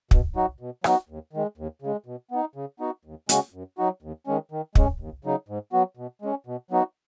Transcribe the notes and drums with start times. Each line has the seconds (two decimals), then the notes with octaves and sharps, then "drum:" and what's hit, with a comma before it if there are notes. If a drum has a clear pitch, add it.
0.11 B2, drum: kick
0.36 F#3 D#4 F#4
0.60 B2
0.84 F#3 B3 D#4 F#4, drum: rim click
1.09 D#2
1.33 D#3 G#3
1.58 D#2
1.82 C#3 G#3
2.06 B2
2.31 B3 D#4
2.55 C#3
2.80 B3 D#4 F#4
3.05 D#2
3.29 C#3 G#3 C#4 F#4, drum: hi-hat
3.53 F#2
3.78 F#3 D#4 F#4
4.02 D#2
4.27 D#3 G#3 C#4
4.52 D#3
4.75 G#3 C#4, drum: kick
5.00 D#2
5.25 C#3 F#3 D#4
5.49 G#2
5.73 F#3 B3 F#4
5.97 B2
6.22 G#3 C#4
6.47 B2
6.71 F#3 B3 D#4 F#4